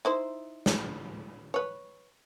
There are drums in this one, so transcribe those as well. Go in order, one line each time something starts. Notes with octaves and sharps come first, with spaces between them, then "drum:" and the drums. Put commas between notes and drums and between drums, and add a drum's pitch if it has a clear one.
D#4 E4 C5
drum: snare
B4 C#5